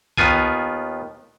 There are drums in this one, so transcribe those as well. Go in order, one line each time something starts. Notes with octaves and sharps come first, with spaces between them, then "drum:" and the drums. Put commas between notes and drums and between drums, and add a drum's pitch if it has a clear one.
D#2 D#3 B3 F4 G#5, drum: kick C2